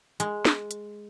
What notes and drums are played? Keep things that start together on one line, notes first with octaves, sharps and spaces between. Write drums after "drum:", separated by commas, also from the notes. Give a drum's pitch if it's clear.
G#3, drum: hi-hat
drum: snare
drum: hi-hat